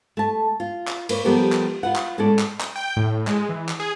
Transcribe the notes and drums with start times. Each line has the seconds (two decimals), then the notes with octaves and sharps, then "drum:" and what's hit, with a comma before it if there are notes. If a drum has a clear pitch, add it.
0.17 A3 A5
0.60 F4
0.88 drum: clap
1.09 A#3 B4 C#5 D5, drum: cymbal
1.25 F3 G3 B3 G4 A4 A#4
1.52 drum: clap
1.83 F4 B4 F#5
1.96 drum: clap
2.18 A2 G#3 A3 C#4 A4 D5
2.39 drum: clap
2.61 drum: clap
2.76 G5
2.97 A2
3.27 G#3, drum: clap
3.49 E3
3.69 drum: clap
3.80 G#4